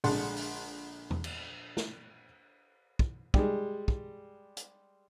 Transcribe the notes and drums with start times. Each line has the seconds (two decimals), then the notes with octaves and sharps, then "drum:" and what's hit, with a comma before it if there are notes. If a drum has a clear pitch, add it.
0.04 A#1 D3 G#3 D4 F#5 C6, drum: open hi-hat
0.36 drum: open hi-hat
1.10 drum: tom E2
1.24 drum: cymbal
1.77 drum: snare
2.99 drum: kick
3.34 G3 G#3, drum: kick
3.88 drum: kick
4.57 drum: hi-hat